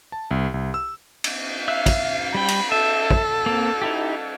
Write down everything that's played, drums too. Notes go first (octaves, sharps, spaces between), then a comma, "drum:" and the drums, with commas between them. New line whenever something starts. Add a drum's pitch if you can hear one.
A5
C2
C2
E6
drum: cymbal
E5 F5 E6 F#6
drum: kick, cymbal
G3 G5 B5
drum: cymbal
A4 E5
drum: kick
A#3 C4
D#4 E4 G4